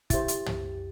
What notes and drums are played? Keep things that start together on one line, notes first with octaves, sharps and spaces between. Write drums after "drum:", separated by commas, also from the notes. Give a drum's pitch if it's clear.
E4 G4 C5 A6, drum: kick, hi-hat
drum: hi-hat
drum: tom